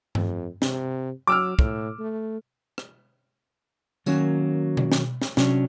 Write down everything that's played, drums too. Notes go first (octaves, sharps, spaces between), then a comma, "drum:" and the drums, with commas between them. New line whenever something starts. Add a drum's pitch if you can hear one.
F2, drum: tom G2
C3, drum: snare
F#3 D6 E6 F6
A2, drum: kick
A3
drum: rim click
D#3 F#3 A#3 C#4 F#4, drum: tambourine
drum: tom B2
drum: snare
drum: snare
C3 F#3 C#4 D4, drum: snare